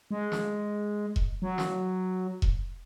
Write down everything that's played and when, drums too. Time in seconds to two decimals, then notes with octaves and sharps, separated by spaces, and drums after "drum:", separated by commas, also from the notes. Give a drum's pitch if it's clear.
0.11 G#3
0.32 drum: snare
1.16 drum: kick E1
1.42 F#3
1.58 drum: snare
2.42 drum: kick E1